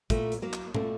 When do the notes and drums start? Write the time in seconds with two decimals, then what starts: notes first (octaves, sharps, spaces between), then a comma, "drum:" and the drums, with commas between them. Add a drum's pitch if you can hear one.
0.10 A#2 A3, drum: kick, hi-hat
0.32 drum: hi-hat
0.42 F#3 A#3
0.53 drum: clap
0.74 A#2 A3, drum: tom A#2